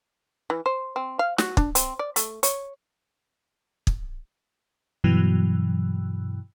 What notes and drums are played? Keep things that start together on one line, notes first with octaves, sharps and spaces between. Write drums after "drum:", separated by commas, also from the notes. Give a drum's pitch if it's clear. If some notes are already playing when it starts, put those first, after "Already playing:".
E3
C5
C4
F5
F#4, drum: snare
D4, drum: kick
C4, drum: hi-hat
D5
A3, drum: hi-hat
C#5, drum: hi-hat
drum: kick
G2 B2 E3 F#3